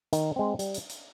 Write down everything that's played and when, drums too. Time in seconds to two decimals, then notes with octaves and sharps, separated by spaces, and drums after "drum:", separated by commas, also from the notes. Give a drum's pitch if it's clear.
0.13 D#3, drum: hi-hat
0.36 G#3 C4
0.59 G3, drum: hi-hat
0.74 drum: hi-hat
0.89 drum: hi-hat